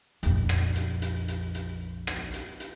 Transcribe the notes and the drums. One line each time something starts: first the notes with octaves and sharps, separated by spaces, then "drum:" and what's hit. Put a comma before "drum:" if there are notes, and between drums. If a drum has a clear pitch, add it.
A#1 F2, drum: hi-hat
drum: rim click
drum: hi-hat
drum: hi-hat
drum: hi-hat
drum: hi-hat
drum: rim click
drum: hi-hat
drum: hi-hat